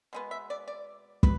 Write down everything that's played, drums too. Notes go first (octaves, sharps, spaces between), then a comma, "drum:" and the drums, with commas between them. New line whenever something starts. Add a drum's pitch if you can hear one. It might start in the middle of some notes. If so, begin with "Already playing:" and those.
B2 G#3 B3
E5
D5
D5
B4, drum: kick